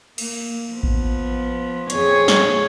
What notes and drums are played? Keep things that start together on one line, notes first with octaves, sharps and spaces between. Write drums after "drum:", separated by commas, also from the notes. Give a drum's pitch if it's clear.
A#3, drum: cymbal
F3 B3
drum: kick A1
F2 G#4 C#5, drum: hi-hat
drum: snare